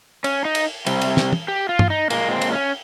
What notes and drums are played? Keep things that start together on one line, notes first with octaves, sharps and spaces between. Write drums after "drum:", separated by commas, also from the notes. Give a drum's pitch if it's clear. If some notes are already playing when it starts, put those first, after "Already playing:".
C#4, drum: cymbal
D#4
drum: cymbal
C3 G3, drum: cymbal
drum: cymbal
drum: snare
drum: tom
G4
F4
drum: tom
D#4
A#2 G#3 A#3, drum: cymbal
C4
drum: cymbal
C#4